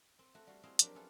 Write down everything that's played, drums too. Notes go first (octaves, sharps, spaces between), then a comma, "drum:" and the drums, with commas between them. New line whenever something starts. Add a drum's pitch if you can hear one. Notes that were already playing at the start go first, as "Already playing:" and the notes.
C4
A3 F#4
G3 F#4 F5 F#5
C4 E4 D#5 F5 G#5
F3 F#3 D4 G4 A#4, drum: hi-hat
C#4 E4 F4 A4 B4